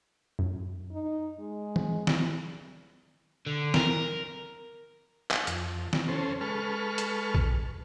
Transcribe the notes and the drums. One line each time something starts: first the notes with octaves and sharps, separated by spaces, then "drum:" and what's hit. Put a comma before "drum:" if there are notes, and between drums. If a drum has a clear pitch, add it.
F#2
D#4
G#3
drum: tom E3
drum: snare
D3
A#4, drum: snare
drum: clap
F2, drum: hi-hat
drum: snare
C#3 C#4 A4 C5
G#3 A4 B4 C#6 F6
drum: hi-hat
drum: kick A#1